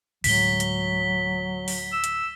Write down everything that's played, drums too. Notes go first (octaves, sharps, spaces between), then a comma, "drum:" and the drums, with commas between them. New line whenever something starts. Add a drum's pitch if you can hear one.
D2 A2 F#3 G#3 B6 G7, drum: open hi-hat
drum: hi-hat
drum: open hi-hat
E6
drum: hi-hat